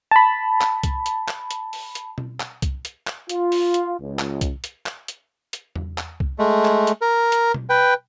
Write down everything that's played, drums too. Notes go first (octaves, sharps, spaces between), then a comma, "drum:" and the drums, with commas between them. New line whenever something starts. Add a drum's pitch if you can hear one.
A5 B5
drum: clap
drum: kick C2, hi-hat
drum: hi-hat
drum: clap
drum: hi-hat
drum: open hi-hat
drum: hi-hat
drum: tom B2
drum: clap
drum: kick C2, hi-hat
drum: hi-hat
drum: clap
F4, drum: hi-hat
drum: open hi-hat
drum: hi-hat
C#2
drum: clap
drum: kick C2, hi-hat
drum: hi-hat
drum: clap
drum: hi-hat
drum: hi-hat
drum: tom E2
drum: clap
drum: kick C2
G#3 A3
drum: clap
drum: hi-hat
A#4
drum: hi-hat
drum: tom B2
B4 G5